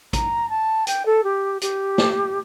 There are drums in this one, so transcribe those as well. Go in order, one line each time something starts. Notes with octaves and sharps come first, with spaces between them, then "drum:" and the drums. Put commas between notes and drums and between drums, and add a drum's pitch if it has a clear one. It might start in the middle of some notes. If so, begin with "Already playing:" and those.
A#5, drum: kick, hi-hat
A5
G5, drum: hi-hat
A4
G4
G4, drum: hi-hat
drum: snare